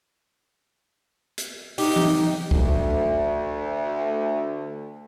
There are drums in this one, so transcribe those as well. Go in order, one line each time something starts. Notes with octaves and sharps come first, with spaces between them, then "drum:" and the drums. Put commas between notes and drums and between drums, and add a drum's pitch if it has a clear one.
drum: hi-hat
D#4 G4, drum: open hi-hat
drum: tom E3
D2 A3, drum: kick